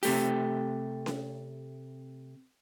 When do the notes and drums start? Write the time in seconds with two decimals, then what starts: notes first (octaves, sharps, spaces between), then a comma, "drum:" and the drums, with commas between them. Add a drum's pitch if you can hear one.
0.03 C3 A3 G4, drum: open hi-hat
1.06 drum: snare C#4